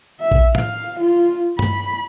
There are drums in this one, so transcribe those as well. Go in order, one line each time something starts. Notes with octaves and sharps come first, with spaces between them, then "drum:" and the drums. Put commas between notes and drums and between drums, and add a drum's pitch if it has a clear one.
E5
drum: kick A#1
F5, drum: tom
F4
B5, drum: tom G2